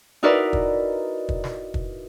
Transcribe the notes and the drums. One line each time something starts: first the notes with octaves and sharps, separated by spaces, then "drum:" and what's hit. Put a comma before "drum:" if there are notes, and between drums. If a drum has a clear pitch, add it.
D#4 E4 F#4 A#4 B4 D5
drum: kick
drum: kick
drum: snare
drum: kick